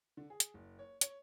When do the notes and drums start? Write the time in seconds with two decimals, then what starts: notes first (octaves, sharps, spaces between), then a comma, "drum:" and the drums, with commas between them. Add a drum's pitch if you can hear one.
0.17 D3
0.30 G#4
0.40 drum: hi-hat
0.54 F#1
0.79 C#5
1.01 C#5, drum: hi-hat